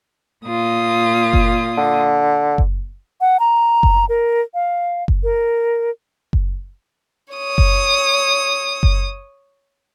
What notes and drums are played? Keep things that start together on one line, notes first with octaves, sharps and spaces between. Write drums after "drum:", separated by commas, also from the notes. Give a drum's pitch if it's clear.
A#2 F4 D#6
drum: kick F#1
D3
drum: kick F#1
F#5
A#5
drum: kick F#1
A#4
F5
drum: kick F#1
A#4
drum: kick F#1
C#5 D#6
drum: kick F#1
drum: kick F#1